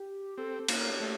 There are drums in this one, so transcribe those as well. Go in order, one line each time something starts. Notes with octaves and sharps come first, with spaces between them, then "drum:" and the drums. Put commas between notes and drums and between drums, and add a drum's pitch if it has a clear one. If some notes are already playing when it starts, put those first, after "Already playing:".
Already playing: G4
C4 A4
A#3, drum: cymbal
G4
A3